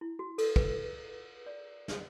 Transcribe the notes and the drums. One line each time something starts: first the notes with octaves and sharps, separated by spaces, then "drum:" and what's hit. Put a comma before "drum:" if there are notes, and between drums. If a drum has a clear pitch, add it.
E4
F#4
A4, drum: cymbal
B4, drum: kick
D5
drum: snare